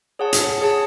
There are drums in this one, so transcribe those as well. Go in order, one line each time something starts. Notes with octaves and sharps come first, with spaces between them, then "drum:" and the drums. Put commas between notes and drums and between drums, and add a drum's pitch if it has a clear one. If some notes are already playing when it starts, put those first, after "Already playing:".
G#4 C#5 F#5 A5
drum: hi-hat
G#4 C#5 F#5 A5